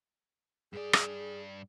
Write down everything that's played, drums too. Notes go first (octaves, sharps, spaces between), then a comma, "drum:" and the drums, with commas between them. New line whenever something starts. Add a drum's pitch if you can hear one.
G2 G#4 D5
drum: rim click